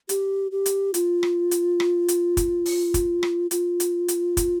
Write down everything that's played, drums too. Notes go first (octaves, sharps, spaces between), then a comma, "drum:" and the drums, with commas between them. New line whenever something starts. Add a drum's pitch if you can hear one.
G4, drum: hi-hat
G4
drum: hi-hat
F4, drum: hi-hat
drum: rim click
drum: hi-hat
drum: rim click
drum: hi-hat
drum: kick, hi-hat
drum: open hi-hat
drum: kick, hi-hat
drum: rim click
F4, drum: hi-hat
drum: hi-hat
drum: hi-hat
drum: kick, hi-hat